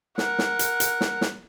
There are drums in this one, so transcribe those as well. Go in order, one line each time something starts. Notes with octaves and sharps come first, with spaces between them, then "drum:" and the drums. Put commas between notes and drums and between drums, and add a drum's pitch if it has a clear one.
A#4 F#5, drum: snare
drum: snare
drum: hi-hat
drum: hi-hat
drum: snare
drum: snare